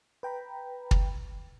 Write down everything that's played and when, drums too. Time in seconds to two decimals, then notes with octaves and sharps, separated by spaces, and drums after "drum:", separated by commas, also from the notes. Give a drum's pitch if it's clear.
0.23 B4 G5 A#5 B5
0.91 drum: kick